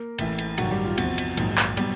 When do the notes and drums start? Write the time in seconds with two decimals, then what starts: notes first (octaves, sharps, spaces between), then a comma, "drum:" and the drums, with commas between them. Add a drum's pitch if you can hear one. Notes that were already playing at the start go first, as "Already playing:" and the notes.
Already playing: A#3 A#4
0.18 A1 A2 E3, drum: cymbal
0.38 drum: cymbal
0.58 A1 G2 D#3 F#3 F#4, drum: cymbal
0.71 G3 G4
0.85 F4
0.98 E2 C3 F3 F#4, drum: cymbal
1.18 drum: cymbal
1.37 A#1 G#2 D#3 F#3, drum: cymbal
1.58 drum: clap
1.77 B2 F#3 G3 G4, drum: cymbal